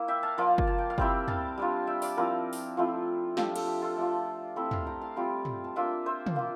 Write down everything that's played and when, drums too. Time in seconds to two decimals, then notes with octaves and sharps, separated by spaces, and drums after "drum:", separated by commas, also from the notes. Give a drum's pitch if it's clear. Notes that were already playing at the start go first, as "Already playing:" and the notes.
Already playing: A#3 E4
0.08 E5 G5
0.23 F5 A5
0.38 F3 A#3 F4 D5 F5
0.58 drum: kick F#1
0.67 A5
0.78 G5
0.90 F5
0.98 G3 C4 E4 E5 G5, drum: kick F#1
1.28 F5 A5, drum: tom
1.58 G3 D4 F4
1.87 E5 G5
2.02 D5 F5, drum: open hi-hat
2.17 F3 C4 E4 A#4 D5
2.53 drum: open hi-hat
2.77 F3 A3 C4 E4 F4
3.37 F3 A3 D4 G4, drum: snare
3.56 A4, drum: cymbal
3.67 G4
3.82 F4 A4
3.97 A3 D4 F4
4.56 A3 C4 E4 E5 G5
4.71 F5 A5, drum: tom
4.87 G5 A#5
5.01 F5 A5
5.16 G3 C4 F4
5.45 drum: tom
5.64 A5
5.76 A#3 D4 F4 E5 G5
6.06 C5 E5
6.26 drum: tom
6.36 A#3 F4